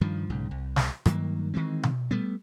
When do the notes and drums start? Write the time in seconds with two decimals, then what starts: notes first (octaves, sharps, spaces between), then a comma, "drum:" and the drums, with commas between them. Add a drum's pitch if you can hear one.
0.01 G2 D#3 F3
0.30 B1 G#2 C#3
0.51 C2
0.76 drum: snare
1.06 G2 D#3 F#3 A#3, drum: rim click
1.54 D#3 E3 G#3 C4
1.83 drum: tom B2
2.11 G3 A3 B3